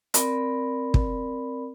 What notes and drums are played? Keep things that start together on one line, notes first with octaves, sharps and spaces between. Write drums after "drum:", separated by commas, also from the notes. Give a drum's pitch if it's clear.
C4 A#4 D5 B5, drum: hi-hat
drum: kick